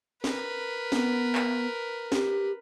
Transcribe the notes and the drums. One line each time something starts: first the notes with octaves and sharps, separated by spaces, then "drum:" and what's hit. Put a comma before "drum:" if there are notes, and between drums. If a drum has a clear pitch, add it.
A#4 B4, drum: snare
B3, drum: snare
drum: clap
G4, drum: snare